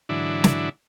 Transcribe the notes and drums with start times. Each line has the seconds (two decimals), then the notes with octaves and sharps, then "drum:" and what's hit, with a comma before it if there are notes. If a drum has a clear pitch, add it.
0.09 G#2 D3 E3 F#3 D4 E4
0.44 drum: snare